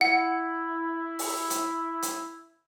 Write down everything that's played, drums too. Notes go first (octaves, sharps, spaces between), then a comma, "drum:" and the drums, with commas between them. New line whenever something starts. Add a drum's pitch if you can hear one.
E4 F#5
drum: open hi-hat
drum: hi-hat
drum: hi-hat